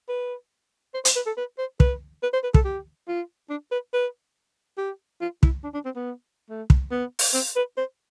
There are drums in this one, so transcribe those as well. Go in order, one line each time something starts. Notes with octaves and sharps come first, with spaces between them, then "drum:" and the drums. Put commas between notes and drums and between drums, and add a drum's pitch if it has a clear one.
B4
C5
C5, drum: hi-hat
B4
A4
B4
C5
B4, drum: kick
B4
C5
B4
A4, drum: kick
G4
F4
D4
B4
B4
G4
F4
E4, drum: kick
D4
D4
C4
B3
A3
drum: kick
B3
drum: open hi-hat
C4
B4
C5